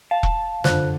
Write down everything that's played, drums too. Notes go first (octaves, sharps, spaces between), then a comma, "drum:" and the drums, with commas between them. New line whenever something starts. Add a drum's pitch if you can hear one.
F5 A5
drum: kick E1
F1 F#2 D3 F4 C5 F#6, drum: snare